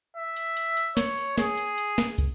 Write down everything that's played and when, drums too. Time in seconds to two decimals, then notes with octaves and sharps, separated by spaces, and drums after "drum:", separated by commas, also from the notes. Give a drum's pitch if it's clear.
0.17 E5
0.37 drum: hi-hat
0.57 drum: hi-hat
0.77 drum: hi-hat
0.97 C#5, drum: snare
1.17 drum: open hi-hat
1.38 G#4, drum: snare
1.58 drum: hi-hat
1.78 drum: hi-hat
1.98 drum: snare
2.18 drum: kick, hi-hat